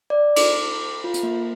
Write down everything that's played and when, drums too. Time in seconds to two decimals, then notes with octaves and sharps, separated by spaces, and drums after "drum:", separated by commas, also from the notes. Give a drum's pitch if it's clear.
0.10 D5
0.36 D6, drum: cymbal
1.04 F4
1.14 drum: hi-hat
1.23 A#3